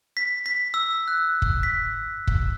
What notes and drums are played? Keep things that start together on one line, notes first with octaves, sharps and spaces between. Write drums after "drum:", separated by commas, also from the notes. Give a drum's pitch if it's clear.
B6
B6
E6
F#6
drum: kick
B6
drum: kick